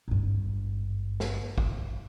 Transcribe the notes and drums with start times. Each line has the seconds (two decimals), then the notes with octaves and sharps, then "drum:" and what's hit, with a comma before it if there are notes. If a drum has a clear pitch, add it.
0.08 G#1 G2
1.20 drum: snare
1.58 drum: kick